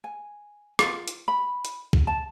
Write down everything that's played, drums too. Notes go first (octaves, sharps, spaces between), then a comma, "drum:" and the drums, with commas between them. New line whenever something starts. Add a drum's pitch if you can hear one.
G#5
F4, drum: rim click
drum: hi-hat
B5
drum: hi-hat
drum: kick
A5